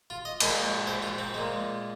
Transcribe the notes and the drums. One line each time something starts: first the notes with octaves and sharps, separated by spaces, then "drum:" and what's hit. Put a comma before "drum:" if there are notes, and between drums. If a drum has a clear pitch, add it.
F4
D#5
A#2 G#3 D#5, drum: cymbal
C5
F4
C4
A#2 G#3